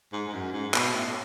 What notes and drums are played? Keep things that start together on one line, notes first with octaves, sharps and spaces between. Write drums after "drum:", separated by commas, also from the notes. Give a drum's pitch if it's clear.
G#2
G#2
F#2
G#2
B2, drum: clap
A2